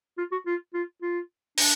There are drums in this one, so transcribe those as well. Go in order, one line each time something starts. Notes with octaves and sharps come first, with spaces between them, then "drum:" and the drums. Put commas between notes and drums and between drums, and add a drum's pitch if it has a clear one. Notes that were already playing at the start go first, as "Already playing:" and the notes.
F4
F#4
F4
F4
F4
D4, drum: open hi-hat